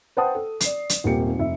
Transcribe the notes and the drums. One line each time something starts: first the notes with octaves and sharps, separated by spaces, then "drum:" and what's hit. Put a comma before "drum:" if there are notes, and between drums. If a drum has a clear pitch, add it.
B4 C5 F#5 G5 A5 D#6
A4
D5 C7, drum: hi-hat
drum: hi-hat
D#1 G#1 C3 A#3 G4 C#7
F1 E5